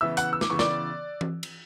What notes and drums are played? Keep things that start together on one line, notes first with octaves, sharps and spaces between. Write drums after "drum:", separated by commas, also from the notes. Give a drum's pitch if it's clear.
C#3 E3 B3 E5 E6
F#5 F#6, drum: hi-hat
E6
D6, drum: snare
C#3 E3 B3 C#6
D5 D6, drum: snare
drum: tom E3
drum: cymbal